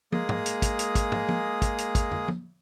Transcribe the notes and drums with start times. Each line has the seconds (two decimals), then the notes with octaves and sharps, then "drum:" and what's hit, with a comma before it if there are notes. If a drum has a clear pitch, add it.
0.12 G#3 A#3 G#4 D#6, drum: tom
0.29 drum: tom
0.46 drum: hi-hat
0.62 drum: kick, hi-hat
0.79 drum: hi-hat
0.95 drum: kick, hi-hat
1.12 drum: tom
1.29 drum: tom
1.62 drum: kick, hi-hat
1.78 drum: hi-hat
1.95 drum: kick, hi-hat
2.12 drum: tom
2.28 drum: tom